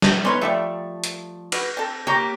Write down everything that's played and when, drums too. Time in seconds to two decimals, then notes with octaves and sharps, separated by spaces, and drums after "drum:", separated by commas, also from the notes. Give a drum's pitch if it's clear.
0.02 drum: snare
0.25 B3 C#4 D#4 B4 C#5 C6
0.41 F3 G3 A3 G4 E5
1.04 drum: hi-hat
1.52 F#4 B4, drum: cymbal
1.77 C4 A4
2.07 A#3 G4 C#5 G5 A#5